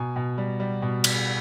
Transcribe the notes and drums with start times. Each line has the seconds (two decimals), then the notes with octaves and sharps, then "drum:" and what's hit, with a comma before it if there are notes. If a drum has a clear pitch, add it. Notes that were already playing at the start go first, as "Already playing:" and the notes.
Already playing: B2 G#5 A#5
0.16 B2
0.38 G3
0.60 G3
0.82 B2
1.04 drum: cymbal